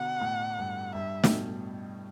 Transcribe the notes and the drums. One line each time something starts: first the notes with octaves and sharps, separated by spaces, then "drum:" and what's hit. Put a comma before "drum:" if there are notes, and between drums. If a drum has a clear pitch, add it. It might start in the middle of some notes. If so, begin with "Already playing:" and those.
Already playing: B2 D3 F#5
A2
G2
G2 E5
A2, drum: snare
B2